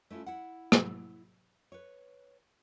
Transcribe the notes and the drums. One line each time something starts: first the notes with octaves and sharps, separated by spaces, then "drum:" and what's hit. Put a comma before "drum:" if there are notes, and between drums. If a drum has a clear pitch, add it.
A3 C#4 E4 F4 A4
E4 F#5
drum: rim click
B4 C#5